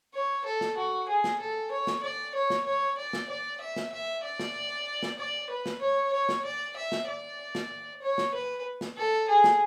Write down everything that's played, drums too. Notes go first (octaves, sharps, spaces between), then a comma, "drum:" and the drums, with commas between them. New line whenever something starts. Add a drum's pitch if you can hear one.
C#5
A4
drum: snare
F#4
G#4
drum: snare
A4
C#5
drum: snare
D5
C#5
drum: snare
C#5
D5
drum: snare
D5
E5
drum: snare
E5
D5
drum: snare
drum: snare
D5
B4
drum: snare
C#5
C#5
drum: snare
D5
E5
drum: snare
D5
drum: snare
C#5
drum: snare
B4
drum: snare
A4
G#4
drum: snare